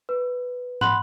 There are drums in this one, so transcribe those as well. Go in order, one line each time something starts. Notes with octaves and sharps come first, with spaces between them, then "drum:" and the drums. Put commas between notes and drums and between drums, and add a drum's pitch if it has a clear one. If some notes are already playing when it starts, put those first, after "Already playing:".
B4
F#5 B5 C6 F#6 F#7, drum: tom